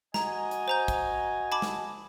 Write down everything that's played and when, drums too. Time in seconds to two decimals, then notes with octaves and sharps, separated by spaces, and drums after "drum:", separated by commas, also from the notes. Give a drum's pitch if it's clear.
0.14 F#4 D#5 G#5 A#5, drum: snare
0.51 drum: hi-hat
0.68 C5 A#5 G6
0.88 drum: kick, hi-hat
1.52 A5 B5 D6
1.62 drum: snare